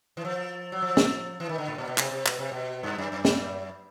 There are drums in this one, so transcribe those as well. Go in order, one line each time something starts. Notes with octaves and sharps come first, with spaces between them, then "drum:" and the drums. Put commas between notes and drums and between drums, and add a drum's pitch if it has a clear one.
E3
F3
F#3
F3
drum: snare
E3
D#3
D3
A2
A#2
B2
C3, drum: clap
C3
B2, drum: clap
C3
B2
G2
F#2
F#2
drum: snare